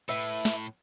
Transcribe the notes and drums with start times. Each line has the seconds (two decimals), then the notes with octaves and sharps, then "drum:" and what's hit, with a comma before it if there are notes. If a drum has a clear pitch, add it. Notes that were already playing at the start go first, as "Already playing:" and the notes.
0.09 A2 B4 E5
0.45 drum: snare